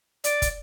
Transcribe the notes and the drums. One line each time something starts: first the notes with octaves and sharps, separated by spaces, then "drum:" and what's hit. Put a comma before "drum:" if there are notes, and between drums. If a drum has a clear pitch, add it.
D5, drum: hi-hat
drum: kick, hi-hat